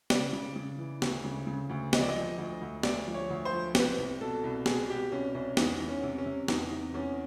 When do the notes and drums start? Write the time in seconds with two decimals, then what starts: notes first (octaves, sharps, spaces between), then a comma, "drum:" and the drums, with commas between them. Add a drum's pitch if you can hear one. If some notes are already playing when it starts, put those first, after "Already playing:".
0.10 C#3 D5, drum: snare
0.33 C#3
0.56 C#3
0.78 E3
1.02 D2, drum: snare
1.24 C#3
1.47 C#3
1.69 D2
1.93 F3 D#5, drum: snare
2.01 D5
2.09 D#5
2.16 F3
2.38 D2
2.61 D2
2.83 D2 D5, drum: snare
3.07 F3
3.14 C#5
3.30 D2
3.45 C5
3.53 F3
3.75 C2 B4, drum: snare
3.98 C2
4.21 B2 A4
4.44 C2
4.66 B2 G#4, drum: snare
4.89 B2 G4
5.12 C2 C#4
5.35 C2 C#4
5.57 E2 D#4, drum: snare
5.80 E2
5.88 C#4
6.03 C3
6.18 C#4
6.26 C3
6.48 E2 D#4, drum: snare
6.72 C3
6.94 E2 C#4